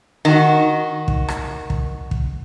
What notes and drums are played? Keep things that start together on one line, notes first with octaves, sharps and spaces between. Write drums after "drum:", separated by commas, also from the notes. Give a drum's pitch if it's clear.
D#3 F#4 D#5
drum: kick
drum: rim click
drum: kick
drum: kick